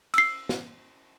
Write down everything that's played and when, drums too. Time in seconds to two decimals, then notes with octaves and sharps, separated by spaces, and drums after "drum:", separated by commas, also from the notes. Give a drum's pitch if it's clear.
0.14 E6 C7, drum: cymbal
0.49 drum: snare